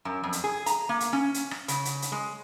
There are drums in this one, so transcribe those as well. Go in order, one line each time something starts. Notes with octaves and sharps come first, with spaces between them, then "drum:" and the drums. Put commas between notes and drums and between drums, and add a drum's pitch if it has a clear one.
F#2
F2
drum: hi-hat
G#4
A#5, drum: hi-hat
A#3
drum: hi-hat
C#4
drum: hi-hat
drum: rim click
C#3, drum: hi-hat
drum: hi-hat
drum: hi-hat
G#3